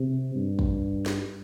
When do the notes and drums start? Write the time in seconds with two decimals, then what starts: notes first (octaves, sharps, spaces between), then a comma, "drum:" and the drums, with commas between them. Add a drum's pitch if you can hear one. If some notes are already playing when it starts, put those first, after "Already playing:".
Already playing: C3
0.35 G2
0.59 drum: kick
1.06 drum: snare